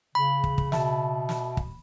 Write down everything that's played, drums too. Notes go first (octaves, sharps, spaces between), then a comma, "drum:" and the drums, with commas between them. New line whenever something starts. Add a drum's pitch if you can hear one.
C#3 B5
drum: kick
drum: kick
B2 E5 A5, drum: snare
drum: snare
drum: kick